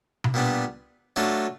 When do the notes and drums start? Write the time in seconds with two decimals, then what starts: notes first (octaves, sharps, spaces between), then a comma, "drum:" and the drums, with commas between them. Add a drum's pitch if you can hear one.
0.24 drum: tom B2
0.34 A#2 G3 B3 D4
1.16 F#3 A3 D4 F4